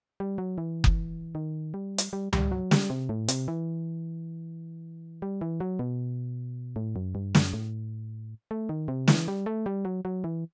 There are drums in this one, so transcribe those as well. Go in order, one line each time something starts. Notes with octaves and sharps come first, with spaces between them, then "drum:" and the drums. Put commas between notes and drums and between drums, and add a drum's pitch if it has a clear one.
G3
F#3
E3
drum: kick F#1
D#3
G3
drum: hi-hat
G3
G3, drum: tom C#2
F#3
G3, drum: snare
C3
A2
C3, drum: hi-hat
E3
G3
E3
F#3
B2
A2
F#2
G2
F#2, drum: snare
A2
A3
D#3
C3
E3, drum: snare
G3
A3
G3
F#3
F#3
E3